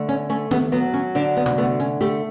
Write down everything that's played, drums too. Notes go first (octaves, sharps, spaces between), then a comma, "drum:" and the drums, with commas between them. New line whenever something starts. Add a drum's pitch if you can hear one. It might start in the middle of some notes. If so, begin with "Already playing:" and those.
Already playing: D3 A3
C#4
A3 C#4
B3, drum: tom D#3
F#3 B3
C#4
D3 D4
B3
drum: tom C3
A3 B3
C#4
A3 G4